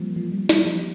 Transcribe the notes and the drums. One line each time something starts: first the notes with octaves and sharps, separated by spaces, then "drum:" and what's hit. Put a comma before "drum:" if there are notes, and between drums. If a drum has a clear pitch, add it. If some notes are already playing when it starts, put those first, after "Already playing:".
Already playing: F3 G3 A#3 C4
F3
G3
G3, drum: snare
F3